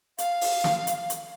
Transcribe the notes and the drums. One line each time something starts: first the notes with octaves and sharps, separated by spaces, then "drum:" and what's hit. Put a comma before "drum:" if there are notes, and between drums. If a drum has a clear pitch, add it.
F5, drum: hi-hat
drum: open hi-hat
drum: snare
drum: hi-hat
drum: hi-hat